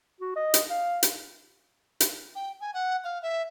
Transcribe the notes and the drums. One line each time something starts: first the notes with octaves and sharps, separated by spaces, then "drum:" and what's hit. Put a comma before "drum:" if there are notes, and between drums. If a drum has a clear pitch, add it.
F#4
D#5
drum: hi-hat
F5
drum: hi-hat
drum: hi-hat
G5
G#5
F#5
F5
E5